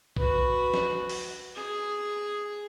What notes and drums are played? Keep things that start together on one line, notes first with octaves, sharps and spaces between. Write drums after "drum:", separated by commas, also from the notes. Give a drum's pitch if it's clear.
F#4 B4, drum: kick B1
drum: snare
drum: open hi-hat
G#4